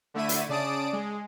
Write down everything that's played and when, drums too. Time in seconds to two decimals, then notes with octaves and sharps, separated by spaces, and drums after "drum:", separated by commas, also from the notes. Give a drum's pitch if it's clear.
0.14 D3 A3 E4 E5 D#7
0.29 drum: hi-hat
0.49 C#3 D5 A5 D#6 D7
0.93 G#3